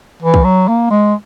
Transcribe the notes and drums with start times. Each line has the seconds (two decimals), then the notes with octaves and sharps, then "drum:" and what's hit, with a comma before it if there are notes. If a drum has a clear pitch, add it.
0.22 E3
0.34 drum: kick
0.44 F#3
0.68 A#3
0.90 G#3